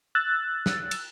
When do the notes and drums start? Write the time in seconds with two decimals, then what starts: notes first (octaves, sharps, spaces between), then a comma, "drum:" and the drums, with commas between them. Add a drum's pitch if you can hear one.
0.15 E6 F#6 A6
0.66 drum: snare
0.91 drum: cymbal